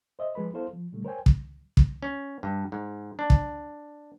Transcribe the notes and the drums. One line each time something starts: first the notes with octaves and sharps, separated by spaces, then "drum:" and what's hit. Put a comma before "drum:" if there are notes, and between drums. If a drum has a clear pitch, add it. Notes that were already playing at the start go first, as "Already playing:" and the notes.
C5 D#5 E5
F3 G#3 B4 B5
B3 E4 A4 C5 F5
F3
A#2 D3 G3 A3
A#4 C5 C#5 G5 G#5
drum: kick
drum: kick
C#4
G2
G#2
D4
drum: kick